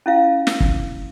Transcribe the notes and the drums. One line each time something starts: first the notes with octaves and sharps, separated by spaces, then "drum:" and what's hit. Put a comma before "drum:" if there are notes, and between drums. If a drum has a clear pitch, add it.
C#4 E4 F5
drum: snare
drum: kick